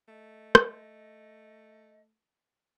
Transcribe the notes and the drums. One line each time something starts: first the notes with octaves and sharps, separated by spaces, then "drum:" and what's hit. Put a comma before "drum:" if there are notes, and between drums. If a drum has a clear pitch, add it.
A3 D#5
drum: rim click